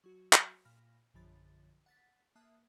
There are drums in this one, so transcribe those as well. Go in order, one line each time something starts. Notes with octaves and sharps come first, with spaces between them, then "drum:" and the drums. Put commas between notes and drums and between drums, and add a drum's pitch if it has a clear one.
F#3 F#4
drum: clap
A#2 B5 F6 A#6
A#1 F#2 D3 F3 B5 A6
F#5 A6 B6
A#3 E5 A5 D#6 F#6